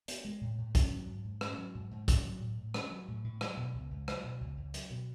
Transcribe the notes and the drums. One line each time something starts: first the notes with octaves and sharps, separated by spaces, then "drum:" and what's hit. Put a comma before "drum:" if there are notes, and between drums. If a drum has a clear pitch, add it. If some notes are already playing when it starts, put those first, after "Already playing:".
B3, drum: hi-hat
G#3
A2
A2
C#4, drum: kick, hi-hat
F#3
G#2
G#2
C#4, drum: rim click
F#3
G#2
G#2
C#4, drum: kick, hi-hat
F#3
A2
A2
C#4, drum: rim click
F#3
A2
A2
F#3, drum: rim click
B2
C#2
C#2
F#3, drum: rim click
B2
C#2
C#2
F#3, drum: hi-hat
B2